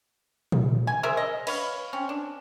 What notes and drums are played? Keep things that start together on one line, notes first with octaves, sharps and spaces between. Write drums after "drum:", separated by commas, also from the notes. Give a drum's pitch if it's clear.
drum: tom A#2
G#5
G#4 A#4 C5 E5
D#5
B4 C#5 F5, drum: cymbal
C4 C#4
D4